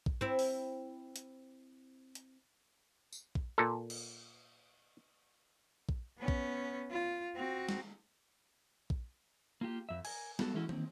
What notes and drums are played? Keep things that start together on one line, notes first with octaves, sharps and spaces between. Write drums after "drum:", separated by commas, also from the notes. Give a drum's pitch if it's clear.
drum: kick A#1
C4 E4
drum: open hi-hat
drum: hi-hat
drum: hi-hat
drum: tambourine
drum: kick A#1
A#2 A4
drum: cymbal
drum: kick A#1
B3 C#4
drum: kick A#1
F4
C4 F#4
drum: snare
drum: kick A#1
A#3 F4 G4
F2 E5
A#4 G#5, drum: cymbal
G3 B3 F#4 A4, drum: snare
E3 G#3 A3 C#4 E4 F#4
D#3 A#3 C4, drum: tom